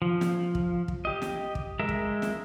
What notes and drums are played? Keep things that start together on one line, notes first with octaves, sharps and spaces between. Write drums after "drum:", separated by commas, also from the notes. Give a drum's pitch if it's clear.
F3
drum: snare
drum: kick
drum: kick
G4 D#5
drum: snare
drum: kick
G#3 A#4 E5
drum: kick
drum: snare